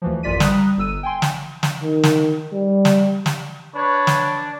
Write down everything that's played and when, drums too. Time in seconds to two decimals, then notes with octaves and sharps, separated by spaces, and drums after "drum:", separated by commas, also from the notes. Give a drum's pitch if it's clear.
0.02 D2 E3 F3
0.23 A1 F#2 F4 D5 B6 D#7
0.40 G3 A#5 D#6 F#6, drum: snare
0.78 G1 E6 D#7
1.03 G5 G#5 C6
1.22 drum: snare
1.63 drum: snare
1.83 D#3
2.03 drum: snare
2.53 G3
2.85 drum: snare
3.26 drum: snare
3.75 D4 B4 C#5
4.07 drum: snare